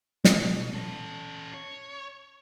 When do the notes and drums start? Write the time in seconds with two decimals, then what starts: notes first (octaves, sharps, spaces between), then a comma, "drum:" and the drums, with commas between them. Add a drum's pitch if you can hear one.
0.24 B2, drum: snare
0.73 C#4 A4
1.54 C#5